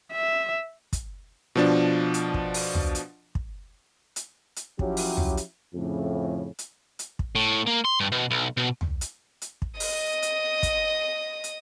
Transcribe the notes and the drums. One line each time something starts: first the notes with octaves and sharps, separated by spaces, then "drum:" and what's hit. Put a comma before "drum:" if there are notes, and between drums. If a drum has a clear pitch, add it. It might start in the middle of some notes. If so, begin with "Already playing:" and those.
E5
drum: kick, hi-hat
B2 F3 D4
drum: hi-hat
drum: kick
drum: open hi-hat
drum: tom
drum: hi-hat
drum: kick
drum: hi-hat
drum: hi-hat
F3 F#3 C#4 E4 F4 G4, drum: kick
drum: open hi-hat
drum: tom
drum: hi-hat
F2 A2 C#3
drum: hi-hat
drum: hi-hat
drum: kick
A2
A#3
C6
G2
B2
B1
B2
drum: tom
drum: hi-hat
drum: hi-hat
drum: kick
D#5 D#6, drum: open hi-hat
drum: hi-hat
drum: kick, hi-hat
drum: hi-hat